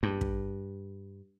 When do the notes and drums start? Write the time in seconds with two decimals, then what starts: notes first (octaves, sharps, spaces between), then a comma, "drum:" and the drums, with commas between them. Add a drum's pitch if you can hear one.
0.03 G2
0.21 drum: kick